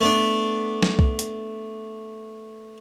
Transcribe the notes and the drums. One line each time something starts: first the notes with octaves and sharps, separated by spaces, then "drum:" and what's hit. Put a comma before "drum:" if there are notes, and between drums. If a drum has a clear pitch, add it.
A3 B3 D4
drum: snare
drum: kick C2
drum: hi-hat